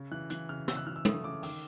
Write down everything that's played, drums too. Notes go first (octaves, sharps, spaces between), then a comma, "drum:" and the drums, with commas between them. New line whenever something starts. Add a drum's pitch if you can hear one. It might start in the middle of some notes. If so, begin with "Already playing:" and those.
Already playing: C#3
E3 F#6
E3 F#6, drum: hi-hat
C#3 F6
C#3 E6, drum: snare
F#6
E3 F6
E6
A3 D#6, drum: tom
C#3 D6
D#3 D6, drum: open hi-hat